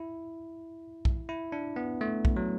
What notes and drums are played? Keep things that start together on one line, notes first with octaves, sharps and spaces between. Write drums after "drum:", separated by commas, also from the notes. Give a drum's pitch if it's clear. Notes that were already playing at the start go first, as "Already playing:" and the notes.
Already playing: E4
drum: kick B1
E4
D4
B3
A3
drum: kick B1
F#3